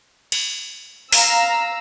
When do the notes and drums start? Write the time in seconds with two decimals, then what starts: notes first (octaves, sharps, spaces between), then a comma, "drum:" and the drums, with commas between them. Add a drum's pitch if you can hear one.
0.32 drum: cymbal
1.12 F5 A#5 E6, drum: open hi-hat